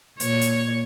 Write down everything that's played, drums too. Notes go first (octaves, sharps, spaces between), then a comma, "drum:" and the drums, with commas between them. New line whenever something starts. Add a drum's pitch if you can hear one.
A#2 C#5, drum: hi-hat
drum: hi-hat